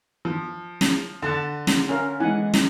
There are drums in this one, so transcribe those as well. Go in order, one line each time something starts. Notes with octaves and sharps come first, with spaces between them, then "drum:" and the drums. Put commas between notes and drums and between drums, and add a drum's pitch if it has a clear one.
F3
drum: snare
D3 F#5 A5
drum: snare
C#4 A#4 F5
E3 G#3 F#5 G#5
drum: snare